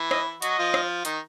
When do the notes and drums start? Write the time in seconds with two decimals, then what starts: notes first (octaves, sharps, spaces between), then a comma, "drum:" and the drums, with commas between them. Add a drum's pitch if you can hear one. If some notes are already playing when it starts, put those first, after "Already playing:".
Already playing: E3 E4
0.11 D#5, drum: rim click
0.42 F#3 F#4 D#5, drum: hi-hat
0.58 F3 F4
0.74 drum: rim click
1.05 D#3 D#4, drum: hi-hat